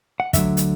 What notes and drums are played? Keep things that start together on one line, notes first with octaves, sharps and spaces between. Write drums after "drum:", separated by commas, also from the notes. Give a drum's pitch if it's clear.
F#5
D2 D3 F#3 E5, drum: kick, hi-hat
drum: hi-hat